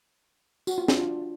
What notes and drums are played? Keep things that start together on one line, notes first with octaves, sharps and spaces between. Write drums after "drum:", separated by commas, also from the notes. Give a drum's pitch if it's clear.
F#4, drum: tambourine
F4
D4, drum: snare
F4